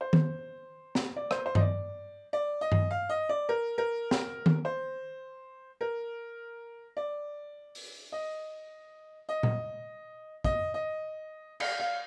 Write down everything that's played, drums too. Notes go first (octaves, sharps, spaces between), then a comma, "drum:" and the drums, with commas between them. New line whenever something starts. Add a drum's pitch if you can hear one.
C5
drum: tom D#3
drum: snare
D5
C5, drum: rim click
C5
D#5, drum: tom G2
D5
D5
D#5
drum: tom G2
F5
D#5
D5
A#4
A#4
drum: snare
drum: tom D#3
C5
A#4
D5
drum: open hi-hat
D#5
D#5
drum: tom A#2
D#5, drum: kick
D#5
F5, drum: cymbal
F5